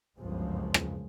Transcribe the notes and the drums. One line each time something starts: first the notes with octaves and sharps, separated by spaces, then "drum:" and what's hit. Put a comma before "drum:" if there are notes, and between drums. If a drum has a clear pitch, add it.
G1 C#2 F#2 C#3 F3 G#3
drum: rim click